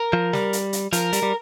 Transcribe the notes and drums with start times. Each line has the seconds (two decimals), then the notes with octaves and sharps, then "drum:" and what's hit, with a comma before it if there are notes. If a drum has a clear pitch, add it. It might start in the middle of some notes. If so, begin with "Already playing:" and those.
Already playing: A#4
0.13 F3
0.33 G3, drum: snare
0.53 drum: hi-hat
0.73 drum: hi-hat
0.93 F3 A#4, drum: hi-hat
1.13 G3, drum: hi-hat
1.23 G3